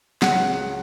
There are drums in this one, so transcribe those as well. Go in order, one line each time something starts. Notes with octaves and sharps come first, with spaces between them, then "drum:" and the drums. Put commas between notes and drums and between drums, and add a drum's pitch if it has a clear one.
C#2 C#3 F#3 F#5, drum: snare